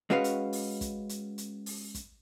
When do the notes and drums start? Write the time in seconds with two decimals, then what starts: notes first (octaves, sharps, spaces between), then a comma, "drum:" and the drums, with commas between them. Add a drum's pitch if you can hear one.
0.10 G#3 C#4 F#4 B4 F5
0.24 drum: hi-hat
0.53 drum: open hi-hat
0.81 drum: kick, hi-hat
1.09 drum: hi-hat
1.38 drum: hi-hat
1.66 drum: open hi-hat
1.95 drum: kick, hi-hat